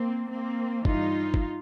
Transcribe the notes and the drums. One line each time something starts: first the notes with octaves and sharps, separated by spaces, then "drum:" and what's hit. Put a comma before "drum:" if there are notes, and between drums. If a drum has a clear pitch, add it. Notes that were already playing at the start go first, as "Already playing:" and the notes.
Already playing: A#3 C4
A#3 C4
G2 E3 G3 D#4 F4, drum: kick
drum: kick